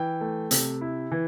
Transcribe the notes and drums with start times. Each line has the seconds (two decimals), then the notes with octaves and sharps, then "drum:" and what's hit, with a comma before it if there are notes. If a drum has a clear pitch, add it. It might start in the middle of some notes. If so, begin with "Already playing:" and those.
Already playing: E3 G5
0.21 A3
0.51 C3, drum: hi-hat
0.81 E4
1.12 E3